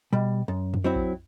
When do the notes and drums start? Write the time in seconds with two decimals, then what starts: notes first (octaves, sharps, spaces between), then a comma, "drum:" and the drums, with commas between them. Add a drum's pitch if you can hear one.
0.13 B2 G3
0.48 F#2
0.74 drum: tom F2
0.84 F#3 C4 E4
0.96 drum: kick A#1